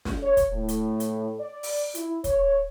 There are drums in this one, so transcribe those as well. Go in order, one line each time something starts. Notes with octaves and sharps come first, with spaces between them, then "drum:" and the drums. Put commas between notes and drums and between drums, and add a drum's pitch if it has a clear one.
drum: snare
C#5
drum: kick, hi-hat
A2
drum: hi-hat
drum: hi-hat
D5
drum: open hi-hat
E4, drum: hi-hat
C#5, drum: kick, hi-hat